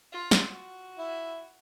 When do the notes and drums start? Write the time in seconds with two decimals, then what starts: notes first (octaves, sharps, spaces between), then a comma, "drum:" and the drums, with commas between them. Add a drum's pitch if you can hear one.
0.13 F4 F5
0.31 drum: snare
0.49 F#4
0.98 E4